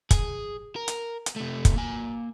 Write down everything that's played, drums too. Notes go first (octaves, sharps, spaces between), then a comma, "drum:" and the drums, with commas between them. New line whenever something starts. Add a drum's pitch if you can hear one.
G#4, drum: kick, hi-hat
A#4
drum: hi-hat
drum: hi-hat
C3 A3
drum: kick, hi-hat
A#3 G#5